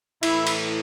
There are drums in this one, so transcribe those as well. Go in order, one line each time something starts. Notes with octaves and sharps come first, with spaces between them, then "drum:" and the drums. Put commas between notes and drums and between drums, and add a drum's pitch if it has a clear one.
A2 E3 E4, drum: cymbal
drum: cymbal